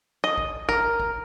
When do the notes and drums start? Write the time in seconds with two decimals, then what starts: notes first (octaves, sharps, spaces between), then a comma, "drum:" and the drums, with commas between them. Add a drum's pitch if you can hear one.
0.24 D#5
0.38 drum: kick
0.69 A#4, drum: kick
1.00 drum: kick